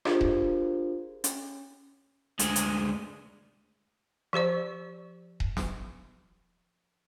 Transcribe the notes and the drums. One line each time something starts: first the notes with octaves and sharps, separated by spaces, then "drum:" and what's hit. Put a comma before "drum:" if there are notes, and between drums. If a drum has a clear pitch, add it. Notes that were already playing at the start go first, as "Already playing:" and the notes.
D4 F4 G4 G#4 A#4 C5, drum: rim click
drum: kick D#1
C#4, drum: hi-hat
D2 G#3, drum: hi-hat
drum: hi-hat
F3 G4 C5 D5
drum: kick D#1
drum: snare